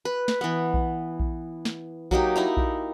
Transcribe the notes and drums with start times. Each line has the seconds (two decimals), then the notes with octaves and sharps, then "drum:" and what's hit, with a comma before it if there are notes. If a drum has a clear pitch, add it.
0.05 B4
0.28 drum: snare
0.41 E3 B3
0.74 drum: kick A#1
1.20 drum: kick A#1
1.65 drum: snare
2.11 F#3 A#3 D#4 G4, drum: kick A#1
2.36 D#4 E4 A#5
2.57 drum: kick A#1